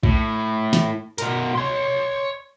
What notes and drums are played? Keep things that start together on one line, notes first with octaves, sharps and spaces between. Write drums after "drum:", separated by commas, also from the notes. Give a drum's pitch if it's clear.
A2, drum: kick
drum: snare
B2 A#4, drum: hi-hat
C#5 C6